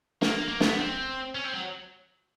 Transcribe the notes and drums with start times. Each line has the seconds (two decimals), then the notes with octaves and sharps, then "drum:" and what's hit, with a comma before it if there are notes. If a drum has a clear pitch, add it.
0.22 A#3, drum: snare
0.48 A#3
0.60 B3, drum: snare
0.79 C4
1.35 C#4
1.44 C4
1.54 F#3